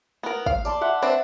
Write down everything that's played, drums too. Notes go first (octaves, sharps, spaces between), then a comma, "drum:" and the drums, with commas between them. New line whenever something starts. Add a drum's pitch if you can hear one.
B3 A#4
F5, drum: kick
D5 A5 C6, drum: tambourine
E5 F#5 C6
C4 D4 B4 A5